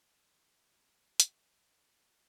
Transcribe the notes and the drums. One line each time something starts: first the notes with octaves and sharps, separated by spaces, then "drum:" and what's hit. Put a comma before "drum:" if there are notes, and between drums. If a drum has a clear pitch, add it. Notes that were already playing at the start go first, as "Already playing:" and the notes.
F3
drum: hi-hat
D#3
D3